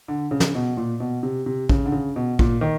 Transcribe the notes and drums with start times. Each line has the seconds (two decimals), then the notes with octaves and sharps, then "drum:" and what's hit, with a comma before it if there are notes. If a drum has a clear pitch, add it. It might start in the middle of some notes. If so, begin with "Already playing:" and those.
0.08 D3
0.31 C#3
0.40 drum: snare
0.55 B2
0.77 A#2
1.00 B2
1.23 C3
1.46 C3
1.69 C#3, drum: kick
1.85 D3
1.92 C#3
2.16 B2
2.39 A#2, drum: kick
2.61 D#3